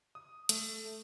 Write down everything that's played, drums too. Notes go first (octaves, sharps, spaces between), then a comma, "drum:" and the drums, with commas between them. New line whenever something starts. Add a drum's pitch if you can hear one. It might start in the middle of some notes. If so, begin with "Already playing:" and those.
D#6
A3, drum: hi-hat